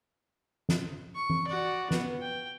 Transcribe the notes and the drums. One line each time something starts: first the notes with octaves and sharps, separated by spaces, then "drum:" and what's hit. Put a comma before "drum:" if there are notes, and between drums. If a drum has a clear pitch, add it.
drum: snare
C#6
drum: tom E3
F#4 D5
B3, drum: snare
G5